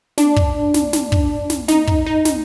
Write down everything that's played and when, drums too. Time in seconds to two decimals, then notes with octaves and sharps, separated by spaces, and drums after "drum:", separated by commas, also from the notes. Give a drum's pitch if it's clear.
0.18 D4, drum: snare
0.36 drum: kick
0.74 drum: snare
0.93 drum: snare
1.12 drum: kick
1.50 drum: snare
1.68 D#4, drum: snare
1.87 drum: kick
2.06 D#4
2.25 drum: snare